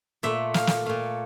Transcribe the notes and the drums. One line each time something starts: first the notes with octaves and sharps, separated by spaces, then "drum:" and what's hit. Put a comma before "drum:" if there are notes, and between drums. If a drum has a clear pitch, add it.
A#2 A3 E5
F5, drum: snare
drum: snare
A#2 A3 F5